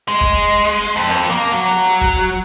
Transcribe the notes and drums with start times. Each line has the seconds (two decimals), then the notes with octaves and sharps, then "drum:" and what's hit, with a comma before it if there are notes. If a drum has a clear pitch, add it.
0.08 G#3, drum: hi-hat
0.21 drum: kick, hi-hat
0.66 drum: hi-hat
0.81 drum: hi-hat
0.96 F2, drum: hi-hat
1.11 drum: rim click
1.30 A#3
1.41 drum: hi-hat
1.52 F#3
1.71 drum: hi-hat
1.86 drum: hi-hat
2.01 drum: kick, hi-hat
2.16 drum: hi-hat